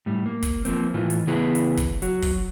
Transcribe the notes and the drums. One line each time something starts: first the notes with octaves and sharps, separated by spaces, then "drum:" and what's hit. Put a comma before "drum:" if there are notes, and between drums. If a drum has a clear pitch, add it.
A2 G3
A#3
drum: kick, hi-hat
F3 A#3 C4, drum: hi-hat
A2 E3 F4
drum: hi-hat
C#3 E3 B3 E4 G#4 B4
drum: hi-hat
drum: kick, hi-hat
F#3 F#4, drum: hi-hat
drum: kick, open hi-hat